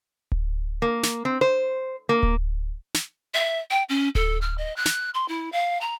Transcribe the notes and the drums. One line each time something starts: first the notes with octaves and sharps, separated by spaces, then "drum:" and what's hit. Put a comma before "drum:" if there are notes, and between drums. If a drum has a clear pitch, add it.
drum: kick D1
A#3
drum: snare
C4
C5
A#3
drum: kick D1
drum: snare
E5
G5
C#4
A4, drum: kick D1
F6
D#5
F#6
drum: snare
C6
E4
F5
A#5